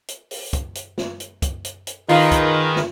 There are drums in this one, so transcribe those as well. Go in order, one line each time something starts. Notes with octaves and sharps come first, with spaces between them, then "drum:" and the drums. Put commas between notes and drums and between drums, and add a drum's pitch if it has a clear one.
drum: hi-hat
drum: open hi-hat
drum: kick, hi-hat
drum: hi-hat
drum: snare
drum: hi-hat
drum: kick, hi-hat
drum: hi-hat
drum: hi-hat
D#3 D#4 F4 G#4 A#4 B4, drum: open hi-hat
drum: kick, hi-hat
drum: snare